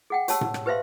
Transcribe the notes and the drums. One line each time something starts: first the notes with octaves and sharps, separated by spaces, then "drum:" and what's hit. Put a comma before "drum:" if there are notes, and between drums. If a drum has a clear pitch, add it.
G#4 F#5 G5
G4 C#5 A5 E6, drum: hi-hat
drum: tom A2
drum: rim click
G4 B4 C5 E5 F5 C6